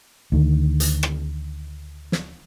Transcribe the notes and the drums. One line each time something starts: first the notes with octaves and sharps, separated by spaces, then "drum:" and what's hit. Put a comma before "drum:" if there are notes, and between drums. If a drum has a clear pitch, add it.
D2 D#3
drum: hi-hat
drum: rim click
drum: snare